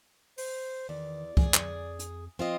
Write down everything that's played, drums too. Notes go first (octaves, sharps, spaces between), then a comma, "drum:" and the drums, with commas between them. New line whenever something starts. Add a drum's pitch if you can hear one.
C5, drum: open hi-hat
E2 D#3 D5
F2 G#4, drum: kick C2
drum: clap
drum: hi-hat
F3 C4 F4 D#5